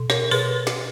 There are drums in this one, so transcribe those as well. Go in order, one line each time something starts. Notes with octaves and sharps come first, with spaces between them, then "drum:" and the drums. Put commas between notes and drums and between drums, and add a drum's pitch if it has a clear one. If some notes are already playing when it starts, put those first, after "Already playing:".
Already playing: B2
A#4 C#5, drum: snare
B2 G#4 B4, drum: open hi-hat
drum: snare